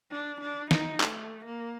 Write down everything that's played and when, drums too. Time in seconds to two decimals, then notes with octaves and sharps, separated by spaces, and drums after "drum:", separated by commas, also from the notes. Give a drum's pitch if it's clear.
0.11 D4
0.41 D4
0.71 D#4, drum: snare
1.00 A3, drum: clap
1.45 A#3